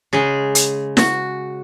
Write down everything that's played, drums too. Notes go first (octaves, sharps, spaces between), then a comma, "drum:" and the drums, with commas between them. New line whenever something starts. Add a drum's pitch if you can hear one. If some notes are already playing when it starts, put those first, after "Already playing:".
C#3 G#3 G#4
drum: hi-hat
F#4, drum: snare